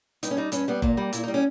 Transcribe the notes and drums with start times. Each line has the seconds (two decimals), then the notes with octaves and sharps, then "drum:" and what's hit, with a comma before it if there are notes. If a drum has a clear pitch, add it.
0.23 G2 D#4, drum: hi-hat
0.31 C#4
0.37 G3 D#4
0.52 G2 C#4, drum: hi-hat
0.68 G3 B3
0.82 A#2 A#3, drum: kick F#1
0.97 G3
1.13 A#2 E4, drum: hi-hat
1.23 G3 D#4
1.34 C#4